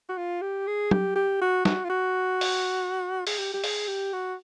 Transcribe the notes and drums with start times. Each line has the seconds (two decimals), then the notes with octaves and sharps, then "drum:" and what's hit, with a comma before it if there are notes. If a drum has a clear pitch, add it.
0.09 F#4
0.18 F4
0.42 G4
0.67 G#4
0.91 G4, drum: tom
1.16 G4
1.41 F#4
1.65 F#4, drum: snare
1.85 F4
1.90 F#4
2.41 drum: open hi-hat
3.27 G#4, drum: open hi-hat
3.38 G4
3.54 G4
3.64 G#4, drum: open hi-hat
3.88 G4
4.13 F#4